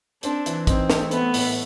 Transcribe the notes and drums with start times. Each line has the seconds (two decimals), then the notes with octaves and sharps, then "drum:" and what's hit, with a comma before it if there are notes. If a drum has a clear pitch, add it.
0.23 C4 D4, drum: hi-hat
0.46 E3, drum: hi-hat
0.67 C4 D#4, drum: kick, hi-hat
0.90 A3, drum: snare
1.11 A3 B3, drum: hi-hat
1.34 A2, drum: open hi-hat